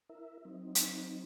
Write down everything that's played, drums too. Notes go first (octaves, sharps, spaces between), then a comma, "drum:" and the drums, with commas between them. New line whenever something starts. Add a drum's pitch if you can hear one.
E4 A#4 E5
F#3 C4 D#4
drum: hi-hat